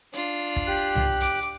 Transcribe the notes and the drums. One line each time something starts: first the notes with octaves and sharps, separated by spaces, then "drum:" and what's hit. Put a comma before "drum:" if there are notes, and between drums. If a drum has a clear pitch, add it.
D4 F4, drum: hi-hat
drum: kick
G4 F#6
drum: tom C2
D6, drum: hi-hat